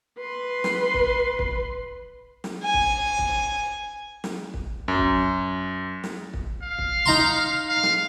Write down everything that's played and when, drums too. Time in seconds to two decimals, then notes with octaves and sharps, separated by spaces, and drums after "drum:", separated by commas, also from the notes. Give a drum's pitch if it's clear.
0.19 B4 C6
0.64 drum: snare
0.94 drum: kick
1.39 drum: kick
2.44 drum: snare
2.64 G#5
2.74 drum: kick
3.19 drum: kick
4.24 drum: snare
4.54 drum: kick
4.88 F#2
4.99 drum: kick
6.04 drum: snare
6.34 drum: kick
6.63 F5
6.78 drum: kick
7.06 D#4 A#5 C6
7.68 F5
7.83 drum: snare